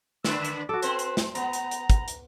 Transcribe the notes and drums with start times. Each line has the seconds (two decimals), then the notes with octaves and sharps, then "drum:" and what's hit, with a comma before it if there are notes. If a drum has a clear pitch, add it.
0.24 D3 D4 B4 E6, drum: snare
0.45 drum: hi-hat
0.69 F#4 A4 D6
0.82 C4 B4 C5, drum: hi-hat
0.99 drum: hi-hat
1.17 drum: snare
1.35 B3 A#5, drum: hi-hat
1.53 drum: hi-hat
1.71 drum: hi-hat
1.90 drum: kick, hi-hat
2.08 drum: hi-hat